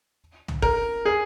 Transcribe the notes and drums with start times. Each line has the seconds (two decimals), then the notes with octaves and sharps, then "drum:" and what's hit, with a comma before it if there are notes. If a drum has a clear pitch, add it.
0.48 drum: tom C2
0.62 A#4, drum: kick G1
1.05 G#4